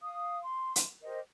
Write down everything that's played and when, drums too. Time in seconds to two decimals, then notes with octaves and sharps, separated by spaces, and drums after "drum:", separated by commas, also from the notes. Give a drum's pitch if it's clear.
0.02 F5 D#6
0.43 C6
0.76 drum: hi-hat
1.02 G4 A#4 C5 D#5